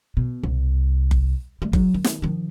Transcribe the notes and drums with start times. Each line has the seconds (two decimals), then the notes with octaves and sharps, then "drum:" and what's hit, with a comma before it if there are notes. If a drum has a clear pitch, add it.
0.17 B2
0.43 C2
1.11 drum: kick F#1
1.62 G3 A3
1.73 F#3, drum: kick F#1
1.94 D#3
2.04 drum: snare
2.22 D#3 F3